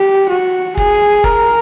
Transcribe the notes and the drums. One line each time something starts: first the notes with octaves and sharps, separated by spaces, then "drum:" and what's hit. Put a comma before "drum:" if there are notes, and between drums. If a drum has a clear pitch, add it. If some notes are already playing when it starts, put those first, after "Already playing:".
Already playing: G4
F#4
G#4, drum: kick
A#4, drum: kick